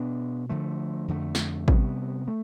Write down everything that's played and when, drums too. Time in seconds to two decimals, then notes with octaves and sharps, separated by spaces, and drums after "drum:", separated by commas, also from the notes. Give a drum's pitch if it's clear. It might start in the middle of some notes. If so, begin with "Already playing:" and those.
Already playing: B2 B3 D4
0.49 D3 F3 A3
1.08 F2 D3 A3
1.35 drum: snare
1.68 C3 G3 B3, drum: kick A1
2.28 A3